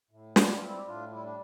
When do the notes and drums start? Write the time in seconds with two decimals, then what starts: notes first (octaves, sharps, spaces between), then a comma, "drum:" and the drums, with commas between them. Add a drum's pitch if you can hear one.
0.11 A2
0.36 G3 B3 D4, drum: snare
0.46 G4
0.55 F4
0.61 G3 C4 E4
0.76 G4
0.86 A2 D4 F4
1.12 G3 E4
1.24 D4